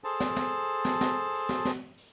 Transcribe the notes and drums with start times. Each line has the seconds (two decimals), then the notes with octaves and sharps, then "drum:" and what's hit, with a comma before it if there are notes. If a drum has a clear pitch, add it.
0.04 G#4 A4 C5 A5, drum: open hi-hat
0.20 drum: snare
0.36 drum: snare
0.85 drum: snare
1.01 drum: snare
1.33 drum: open hi-hat
1.49 drum: snare
1.65 drum: snare
1.97 drum: open hi-hat